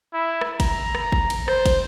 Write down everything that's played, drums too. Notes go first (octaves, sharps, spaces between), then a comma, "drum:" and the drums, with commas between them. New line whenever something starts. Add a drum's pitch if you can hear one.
E4
drum: rim click
A#5, drum: kick, cymbal
drum: rim click
drum: kick
drum: cymbal
C5, drum: rim click
drum: kick, cymbal